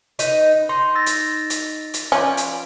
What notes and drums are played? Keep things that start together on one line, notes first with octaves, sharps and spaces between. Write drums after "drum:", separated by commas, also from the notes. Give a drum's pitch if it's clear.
D#4 B4 D#5, drum: hi-hat
D#4 C6
E6 A6 A#6
drum: hi-hat
drum: hi-hat
drum: hi-hat
F3 C#4 B4 D5
drum: hi-hat